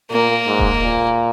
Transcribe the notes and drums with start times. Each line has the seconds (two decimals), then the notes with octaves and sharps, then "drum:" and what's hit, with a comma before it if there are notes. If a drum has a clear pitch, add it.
0.11 A#2 A#3
0.46 G#2
0.59 drum: kick D#1
0.83 A#2